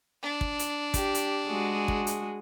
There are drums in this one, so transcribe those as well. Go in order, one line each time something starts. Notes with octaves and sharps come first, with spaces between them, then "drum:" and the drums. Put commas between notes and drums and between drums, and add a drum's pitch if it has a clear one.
D4
drum: kick
drum: hi-hat
G4, drum: kick, hi-hat
drum: hi-hat
G#3 F#4 G#4
drum: kick
drum: hi-hat